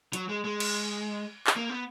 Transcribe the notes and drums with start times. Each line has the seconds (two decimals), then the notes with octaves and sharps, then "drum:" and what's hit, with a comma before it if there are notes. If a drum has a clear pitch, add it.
0.13 F#3, drum: hi-hat
0.29 G#3
0.45 G#3
0.60 drum: cymbal
1.47 drum: clap
1.56 A#3
1.69 B3